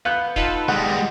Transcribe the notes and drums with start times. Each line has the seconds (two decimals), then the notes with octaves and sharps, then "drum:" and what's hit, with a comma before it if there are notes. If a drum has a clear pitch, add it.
0.05 B3 F5 F#6 G6
0.36 D#4 F4 A4 B4, drum: kick
0.69 G3 G#3 F#5